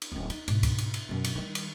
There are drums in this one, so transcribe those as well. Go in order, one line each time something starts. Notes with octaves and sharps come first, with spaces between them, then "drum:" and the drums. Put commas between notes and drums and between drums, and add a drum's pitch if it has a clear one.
drum: cymbal
D1 C#4
D#4, drum: cymbal
G#2 B2, drum: cymbal
drum: kick C#2, cymbal
drum: cymbal
drum: cymbal
F#2 B2
drum: cymbal
D#3 G3
drum: cymbal